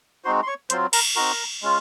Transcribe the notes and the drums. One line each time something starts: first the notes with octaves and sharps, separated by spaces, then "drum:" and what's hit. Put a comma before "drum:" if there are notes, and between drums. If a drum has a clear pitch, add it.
G#3 C4 D#4 F#4 C5 C6
C6
C#5 C#6
F#3 C4 F4 C5 C6, drum: hi-hat
A#4 A#5, drum: cymbal
C4 D#4 F#4 A#4 A#5
G#3 C#4 F4